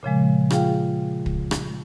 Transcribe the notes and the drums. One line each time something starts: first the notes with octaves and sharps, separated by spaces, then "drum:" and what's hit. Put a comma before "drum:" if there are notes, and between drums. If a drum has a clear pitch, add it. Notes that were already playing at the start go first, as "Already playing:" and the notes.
A#2 C#3 F3 G#3
F4 G#4 F5 G5, drum: rim click
drum: kick
drum: rim click